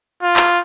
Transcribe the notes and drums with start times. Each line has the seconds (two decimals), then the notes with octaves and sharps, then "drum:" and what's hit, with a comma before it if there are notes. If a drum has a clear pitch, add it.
0.23 F4
0.37 drum: clap